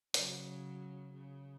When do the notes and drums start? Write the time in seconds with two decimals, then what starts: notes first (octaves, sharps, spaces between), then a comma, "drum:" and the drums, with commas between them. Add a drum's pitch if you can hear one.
0.14 C#3 F#3, drum: hi-hat
1.13 C#3